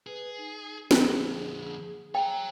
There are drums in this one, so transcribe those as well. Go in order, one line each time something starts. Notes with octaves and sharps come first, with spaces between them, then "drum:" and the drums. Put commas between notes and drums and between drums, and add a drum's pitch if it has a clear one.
G#4 B4
D#4
F2 D3 G#4, drum: snare
C#5 G5 A#5